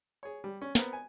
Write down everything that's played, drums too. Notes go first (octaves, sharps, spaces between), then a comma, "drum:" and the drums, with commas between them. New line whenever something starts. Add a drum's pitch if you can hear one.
G#4 C#5
G3
C#4
B3 C4 A#4, drum: snare
G#5